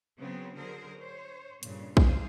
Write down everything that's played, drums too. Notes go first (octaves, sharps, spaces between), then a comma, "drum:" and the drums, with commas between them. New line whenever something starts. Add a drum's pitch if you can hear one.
C#3 F#3 B3 C4
D3 F#3 G#4 A#4 C5
C5 C#5
G2 A#2 C#3, drum: hi-hat
F2 G3 F4 G#4 C5 F5, drum: kick A#1